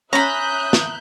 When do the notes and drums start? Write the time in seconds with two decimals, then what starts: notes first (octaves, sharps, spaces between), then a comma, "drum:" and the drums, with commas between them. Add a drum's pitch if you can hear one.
0.13 C#4 E5 A#5 B5 D#6 F#6 G6
0.73 drum: snare